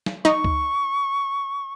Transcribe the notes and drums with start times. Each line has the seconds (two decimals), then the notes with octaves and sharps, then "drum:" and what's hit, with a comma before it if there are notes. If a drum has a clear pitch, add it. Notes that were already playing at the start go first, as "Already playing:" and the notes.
0.06 drum: snare
0.25 D#4 C#6, drum: snare
0.44 drum: kick C#2